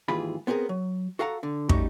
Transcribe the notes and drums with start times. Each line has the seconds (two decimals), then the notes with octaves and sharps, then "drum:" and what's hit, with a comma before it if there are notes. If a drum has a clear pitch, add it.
0.08 D#2 G#2 E3 F4 G#4 B5
0.47 B3 C4 G4 G#4 A#4
0.69 F#3
1.19 F#4 A4 F5 F#5 A#5
1.43 D3
1.69 G3 A3 C#4 D#4 F#4 G4, drum: kick